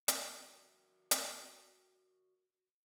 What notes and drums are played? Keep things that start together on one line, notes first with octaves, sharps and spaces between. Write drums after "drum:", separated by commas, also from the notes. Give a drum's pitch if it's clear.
F#4 A#4 D5 E5, drum: hi-hat
drum: hi-hat